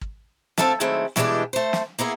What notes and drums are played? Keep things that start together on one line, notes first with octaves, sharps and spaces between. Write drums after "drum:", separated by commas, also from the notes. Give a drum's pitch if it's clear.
drum: kick
D2 C4 A4 E5 F5 A5, drum: snare
D#3 F#3 G#3 A3 C4 E4
B2 E3 G3 G#3 D4 G4, drum: snare
A3 C5
drum: snare
A#3 B3 E4 G#4